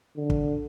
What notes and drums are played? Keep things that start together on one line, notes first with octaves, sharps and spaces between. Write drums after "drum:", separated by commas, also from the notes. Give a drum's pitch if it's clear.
D3
drum: kick